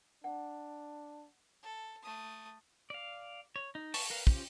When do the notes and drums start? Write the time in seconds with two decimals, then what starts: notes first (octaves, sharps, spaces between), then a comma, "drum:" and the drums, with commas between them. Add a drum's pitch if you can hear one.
0.24 D4 F#5
1.63 A4
2.03 A3 D#6
2.90 D5 F5
3.56 C#5
3.75 D#4
3.94 A5 C#6, drum: open hi-hat
4.10 A#4 B4 F5
4.27 C#4 F4 G4 C5, drum: kick